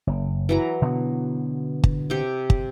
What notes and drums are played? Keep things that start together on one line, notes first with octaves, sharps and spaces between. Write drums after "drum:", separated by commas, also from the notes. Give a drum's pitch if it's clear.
F#1
E3 F#3 A#5
B2 D3 B3
drum: kick
C3 G4
drum: kick